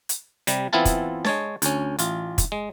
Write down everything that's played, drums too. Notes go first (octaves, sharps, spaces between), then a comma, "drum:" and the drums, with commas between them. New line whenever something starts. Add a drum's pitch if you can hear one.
drum: hi-hat
C3 G3, drum: hi-hat
E3 B3 C4 E4 F4 A5
drum: kick, hi-hat
G#3 C#5 A5, drum: snare D4
D2 C#4, drum: hi-hat
A1 F4, drum: hi-hat
drum: kick, hi-hat
G#3